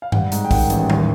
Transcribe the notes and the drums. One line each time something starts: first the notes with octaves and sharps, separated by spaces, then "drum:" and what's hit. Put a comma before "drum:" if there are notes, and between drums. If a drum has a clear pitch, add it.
F5
G3 F#5, drum: tom G2
G#2, drum: hi-hat
G5
D#3 F#5, drum: kick, open hi-hat
A1, drum: hi-hat
D#2, drum: tom G3